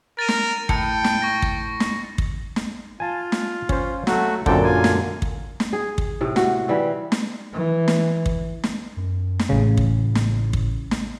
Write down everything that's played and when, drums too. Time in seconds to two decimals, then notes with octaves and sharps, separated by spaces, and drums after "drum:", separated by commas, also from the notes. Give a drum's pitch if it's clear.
0.19 A#4 A6 D#7
0.28 drum: snare
0.69 A2 G5 C#7, drum: kick
1.04 drum: snare
1.22 C#6 A#6
1.42 drum: kick
1.80 drum: snare
2.18 drum: kick
2.56 drum: snare
3.00 F4 G#5 A5
3.32 drum: snare
3.69 C#4 C5, drum: kick
4.07 F#3 A3 F#4, drum: snare
4.46 F#2 A#2 D3 C4 A4 G5, drum: kick
4.64 F4 G#5
4.84 drum: snare
5.22 drum: kick
5.60 drum: snare
5.73 G#4
5.98 drum: kick
6.21 A2 C3
6.36 F#4, drum: snare
6.68 E3 G3 C4
7.12 drum: snare
7.54 E3
7.88 drum: snare
8.26 drum: kick
8.64 drum: snare
8.97 F#2
9.39 drum: snare
9.49 A1 A2 C#3
9.77 drum: kick
10.15 drum: snare
10.53 drum: kick
10.91 drum: snare